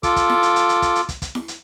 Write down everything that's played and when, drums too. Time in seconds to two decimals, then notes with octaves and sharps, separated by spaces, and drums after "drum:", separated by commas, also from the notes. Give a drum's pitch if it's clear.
0.03 F4 A4 D6, drum: kick, hi-hat
0.16 drum: kick, hi-hat
0.30 drum: snare E4
0.43 drum: hi-hat
0.56 drum: hi-hat
0.69 drum: hi-hat
0.82 drum: kick, hi-hat
0.95 drum: hi-hat
1.09 drum: kick, hi-hat
1.22 drum: kick, hi-hat
1.35 drum: snare E4
1.48 drum: hi-hat